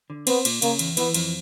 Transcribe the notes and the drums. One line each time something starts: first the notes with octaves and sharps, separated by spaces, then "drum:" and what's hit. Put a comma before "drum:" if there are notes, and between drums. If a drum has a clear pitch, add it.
D3
B3 C4, drum: cymbal
A#2, drum: cymbal
C#3 A#3, drum: cymbal
E2, drum: cymbal
E3 B3, drum: cymbal
F2, drum: cymbal